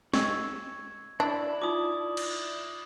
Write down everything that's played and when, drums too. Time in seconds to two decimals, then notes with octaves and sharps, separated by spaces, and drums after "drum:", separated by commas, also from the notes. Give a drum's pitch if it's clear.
0.14 D#5 C#6 E6 G#6, drum: snare
1.20 D4 E4 D5
1.62 D#4 F4 D6 D#6
2.17 drum: cymbal